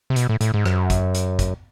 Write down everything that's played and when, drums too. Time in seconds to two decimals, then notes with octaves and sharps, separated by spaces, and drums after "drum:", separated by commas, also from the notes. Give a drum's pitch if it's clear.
0.10 C3
0.16 B2, drum: hi-hat
0.29 A2
0.41 A2, drum: hi-hat
0.54 G#2
0.66 F#2, drum: rim click
0.90 drum: kick, hi-hat
1.14 drum: hi-hat
1.39 drum: kick, hi-hat